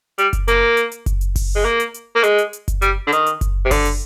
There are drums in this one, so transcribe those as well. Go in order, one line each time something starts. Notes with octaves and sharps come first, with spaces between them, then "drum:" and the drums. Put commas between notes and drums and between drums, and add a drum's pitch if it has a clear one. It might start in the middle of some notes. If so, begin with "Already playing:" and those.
G3, drum: hi-hat
drum: kick F#1, hi-hat
A#3, drum: hi-hat
drum: hi-hat
drum: hi-hat
drum: kick F#1, hi-hat
drum: hi-hat
drum: kick F#1, open hi-hat
G#3
A#3
drum: hi-hat
drum: hi-hat
A#3
G#3, drum: hi-hat
drum: hi-hat
drum: hi-hat
drum: kick F#1, hi-hat
G3, drum: hi-hat
D3
D#3, drum: hi-hat
drum: hi-hat
drum: kick F#1, hi-hat
C3
D3, drum: kick F#1, open hi-hat
drum: hi-hat